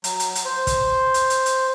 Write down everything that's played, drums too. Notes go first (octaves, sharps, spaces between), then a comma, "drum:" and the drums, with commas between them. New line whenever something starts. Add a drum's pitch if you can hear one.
F#3, drum: hi-hat
drum: hi-hat
drum: hi-hat
C5
drum: kick, hi-hat
drum: hi-hat
drum: hi-hat
drum: hi-hat